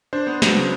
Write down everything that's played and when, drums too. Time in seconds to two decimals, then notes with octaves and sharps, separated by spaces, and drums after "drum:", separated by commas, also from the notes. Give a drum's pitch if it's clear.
0.13 D4 C5
0.27 B3
0.42 F#3, drum: snare
0.56 C#3